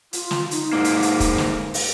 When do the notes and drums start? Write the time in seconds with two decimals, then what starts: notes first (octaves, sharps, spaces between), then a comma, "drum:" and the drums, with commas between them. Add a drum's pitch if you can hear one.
0.13 F4, drum: hi-hat
0.31 drum: snare
0.51 D#4, drum: hi-hat
0.73 G#2 A#3
0.84 drum: hi-hat
1.02 drum: hi-hat
1.20 drum: kick, hi-hat
1.38 drum: snare
1.74 drum: open hi-hat